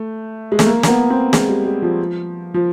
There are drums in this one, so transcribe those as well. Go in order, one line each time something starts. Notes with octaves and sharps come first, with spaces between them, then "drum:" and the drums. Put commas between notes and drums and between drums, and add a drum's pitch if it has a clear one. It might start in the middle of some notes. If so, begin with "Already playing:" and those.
Already playing: A3
G#3
A3, drum: snare
A#3
A#3, drum: snare
B3
C4
G#3, drum: snare
G3
G3
F3
F3